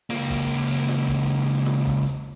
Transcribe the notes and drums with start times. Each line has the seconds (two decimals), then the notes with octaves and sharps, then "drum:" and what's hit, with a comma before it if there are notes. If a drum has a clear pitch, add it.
0.10 C#2 A#3, drum: snare
0.29 drum: kick, hi-hat
0.49 drum: hi-hat
0.69 drum: hi-hat
0.88 drum: snare
1.08 drum: kick, hi-hat
1.27 drum: hi-hat
1.47 drum: hi-hat
1.66 drum: snare
1.86 drum: kick, hi-hat
2.05 drum: hi-hat